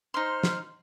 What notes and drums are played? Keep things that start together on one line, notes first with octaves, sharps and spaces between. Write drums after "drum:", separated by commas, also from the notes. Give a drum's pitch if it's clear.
D#4 C5 C6 F6
drum: snare